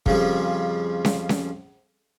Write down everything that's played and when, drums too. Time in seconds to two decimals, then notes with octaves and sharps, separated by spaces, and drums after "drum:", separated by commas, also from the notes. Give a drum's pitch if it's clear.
0.06 F2 C#3 F3 G3, drum: kick
1.05 drum: snare C#4
1.29 drum: snare C#4